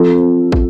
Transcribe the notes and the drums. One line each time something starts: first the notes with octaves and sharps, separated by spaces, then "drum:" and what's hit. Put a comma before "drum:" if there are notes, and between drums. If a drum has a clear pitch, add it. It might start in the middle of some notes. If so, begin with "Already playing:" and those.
Already playing: F3 C4 F4 A4
drum: kick